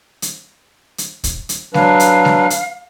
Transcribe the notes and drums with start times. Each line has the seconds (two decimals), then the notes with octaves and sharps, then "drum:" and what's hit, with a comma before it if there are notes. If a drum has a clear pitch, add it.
0.22 drum: hi-hat
0.98 drum: hi-hat
1.24 drum: kick, hi-hat
1.49 drum: hi-hat
1.74 F#3 D4 B4 F5, drum: snare G#3
2.00 drum: hi-hat
2.25 drum: snare G#3
2.50 drum: hi-hat